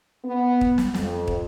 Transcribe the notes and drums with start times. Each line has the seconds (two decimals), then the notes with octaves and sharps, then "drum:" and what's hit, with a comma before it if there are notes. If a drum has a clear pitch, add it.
0.25 B3
0.61 drum: kick
0.78 drum: snare
0.94 F2, drum: snare
1.28 drum: kick